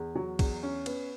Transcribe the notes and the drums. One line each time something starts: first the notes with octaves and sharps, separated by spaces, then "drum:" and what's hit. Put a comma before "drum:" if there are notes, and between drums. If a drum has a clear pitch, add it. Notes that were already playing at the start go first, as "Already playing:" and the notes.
Already playing: E2
F#3
E2, drum: kick, cymbal
C#4
B3, drum: cymbal